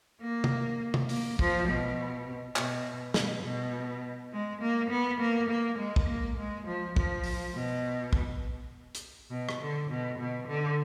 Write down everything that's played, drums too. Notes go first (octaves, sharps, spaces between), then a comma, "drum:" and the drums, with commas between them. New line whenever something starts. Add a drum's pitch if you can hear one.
A#3
drum: tom C3
drum: tom C3
A#3, drum: open hi-hat
F3, drum: kick
B2
B2, drum: clap
B2, drum: snare
B2
G#3
A#3
B3
A#3
A#3
G#3
drum: kick
A#3
G#3
F3
F3, drum: kick
drum: open hi-hat
B2
drum: kick
drum: hi-hat
B2
drum: rim click
D3
B2
B2
D3